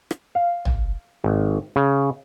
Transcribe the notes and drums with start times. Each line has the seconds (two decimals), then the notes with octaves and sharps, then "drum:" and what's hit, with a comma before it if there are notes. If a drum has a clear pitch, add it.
0.11 drum: rim click
0.35 F5
0.65 drum: tom
1.24 G#1
1.76 C#3